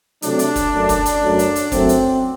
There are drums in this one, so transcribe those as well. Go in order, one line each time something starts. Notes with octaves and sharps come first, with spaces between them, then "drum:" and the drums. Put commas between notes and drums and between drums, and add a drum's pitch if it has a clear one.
C3 F#3 A3 D4, drum: hi-hat
drum: hi-hat
drum: kick, hi-hat
F#2 F#3 A3
drum: kick, hi-hat
drum: hi-hat
F#2 F#3 A3
drum: hi-hat
drum: hi-hat
F#2 F#3 A3 C4, drum: kick, hi-hat
drum: hi-hat